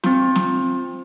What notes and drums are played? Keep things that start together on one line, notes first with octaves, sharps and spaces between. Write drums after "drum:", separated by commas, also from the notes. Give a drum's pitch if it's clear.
C4 F4, drum: snare
drum: snare